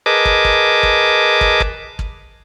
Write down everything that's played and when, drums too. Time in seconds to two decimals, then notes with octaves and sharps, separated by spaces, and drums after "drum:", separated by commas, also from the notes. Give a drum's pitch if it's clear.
0.06 G#4 A#4 B4 D#5 A5 D6
0.25 drum: kick
0.45 drum: kick
0.83 drum: kick
1.41 drum: kick
1.60 drum: kick
1.99 drum: kick